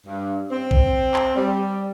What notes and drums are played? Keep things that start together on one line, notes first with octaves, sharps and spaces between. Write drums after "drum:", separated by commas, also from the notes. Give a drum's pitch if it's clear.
G2
C4
drum: kick A#1
drum: clap
G3